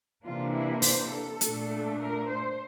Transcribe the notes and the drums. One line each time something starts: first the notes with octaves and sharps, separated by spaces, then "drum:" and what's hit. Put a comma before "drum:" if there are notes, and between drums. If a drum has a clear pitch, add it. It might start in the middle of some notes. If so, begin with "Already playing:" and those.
C3 E3 A#3 D4 F4
E4
C5, drum: open hi-hat
A4
A#2 A3 D4, drum: hi-hat
A#4
C5